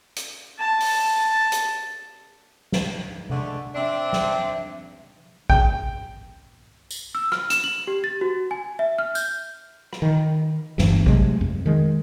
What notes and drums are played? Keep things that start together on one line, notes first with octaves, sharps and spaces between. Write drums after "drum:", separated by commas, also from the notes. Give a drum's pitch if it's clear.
drum: hi-hat
A5
drum: open hi-hat
drum: hi-hat
drum: snare
D3 G#3 A3, drum: tom C3
C4 D4 E5
drum: snare
G5, drum: kick G#1
drum: tambourine
E6
F6, drum: rim click
E7, drum: hi-hat
F#7
G4
A6
F#4
G#5
E5
F6
G6, drum: tambourine
drum: rim click
D#3
G1 D2 G2 E3, drum: snare
C3 F#3 G#3 A3, drum: kick G#1
F2
D#3 G#3